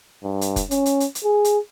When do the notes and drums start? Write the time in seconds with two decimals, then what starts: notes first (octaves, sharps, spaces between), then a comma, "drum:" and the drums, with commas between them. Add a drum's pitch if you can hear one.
0.23 G2
0.41 drum: hi-hat
0.56 drum: kick F1, hi-hat
0.71 C#4, drum: hi-hat
0.86 drum: hi-hat
1.00 drum: hi-hat
1.15 drum: hi-hat
1.24 G#4
1.45 drum: hi-hat